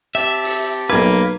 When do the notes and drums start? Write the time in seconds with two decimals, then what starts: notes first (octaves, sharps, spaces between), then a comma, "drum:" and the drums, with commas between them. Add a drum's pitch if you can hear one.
0.15 C4 G4 E5 A5
0.44 drum: open hi-hat
0.90 B1 A#3 B4 G#6